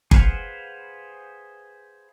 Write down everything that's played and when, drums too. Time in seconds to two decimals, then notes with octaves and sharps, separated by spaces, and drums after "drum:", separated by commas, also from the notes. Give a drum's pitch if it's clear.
0.11 G#4 B4 C5 F5 F#5, drum: kick G1